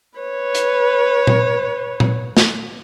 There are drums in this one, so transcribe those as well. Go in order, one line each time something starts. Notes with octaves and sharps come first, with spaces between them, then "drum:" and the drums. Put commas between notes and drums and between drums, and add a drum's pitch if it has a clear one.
B4 C#5
drum: hi-hat
drum: tom A#2
drum: tom A#2
drum: snare